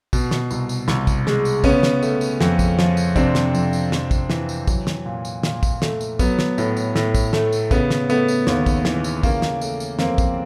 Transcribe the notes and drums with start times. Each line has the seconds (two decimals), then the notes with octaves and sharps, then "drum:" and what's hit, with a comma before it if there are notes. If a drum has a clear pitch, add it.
0.13 B2, drum: kick, tambourine
0.31 drum: snare
0.51 C2, drum: tambourine
0.69 drum: tambourine
0.88 C2, drum: snare
1.07 drum: kick, tambourine
1.27 G#3, drum: snare
1.45 drum: tambourine
1.64 C#3 B3 C#4, drum: kick, tambourine
1.83 drum: snare
2.03 A3, drum: tambourine
2.21 drum: tambourine
2.41 F2, drum: snare
2.59 drum: kick, tambourine
2.79 F3, drum: snare
2.97 drum: tambourine
3.16 C3 C4 D4, drum: kick, tambourine
3.35 drum: snare
3.55 F2, drum: tambourine
3.73 drum: tambourine
3.92 F2, drum: snare
4.11 drum: kick, tambourine
4.30 E3, drum: snare
4.49 drum: tambourine
4.67 F#3, drum: kick, tambourine
4.87 drum: snare
5.06 A#2
5.25 drum: tambourine
5.43 A#2, drum: snare
5.63 drum: kick, tambourine
5.82 A3, drum: snare
6.01 drum: tambourine
6.19 F#3 B3, drum: kick, tambourine
6.39 drum: snare
6.58 A2, drum: tambourine
6.77 drum: tambourine
6.96 A2, drum: snare
7.15 drum: kick, tambourine
7.33 A3, drum: snare
7.53 drum: tambourine
7.71 C#3 B3, drum: kick, tambourine
7.90 drum: snare
8.10 A3 B3, drum: tambourine
8.28 drum: tambourine
8.47 D#2, drum: snare
8.66 drum: kick, tambourine
8.85 E3, drum: snare
9.04 drum: tambourine
9.23 C#3 A#3, drum: kick, tambourine
9.42 drum: snare
9.61 A3, drum: tambourine
9.80 drum: tambourine
9.99 F2 A#3 C4, drum: snare
10.18 drum: kick, tambourine